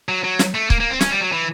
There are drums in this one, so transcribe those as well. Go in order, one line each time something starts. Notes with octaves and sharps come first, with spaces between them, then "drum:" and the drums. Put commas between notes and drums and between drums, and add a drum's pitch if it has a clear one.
F#3
F#3
drum: snare
A3
A#3, drum: kick C#1
A#3
C4
C#4, drum: snare
G3
F#3
E3